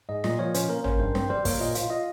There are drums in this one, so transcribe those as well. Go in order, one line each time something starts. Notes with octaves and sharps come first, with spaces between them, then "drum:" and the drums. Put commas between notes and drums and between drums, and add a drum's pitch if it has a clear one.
G#2 D#5
A#2 D#5, drum: snare
F3 C#5
C#4 C5, drum: hi-hat
A#3 A#4
C#4 C5, drum: tom
G2 C5
C4 C5, drum: snare
G3 C5
A#3 C#5, drum: kick, open hi-hat
A#2 D#5
F4 F5, drum: hi-hat
F4 D#5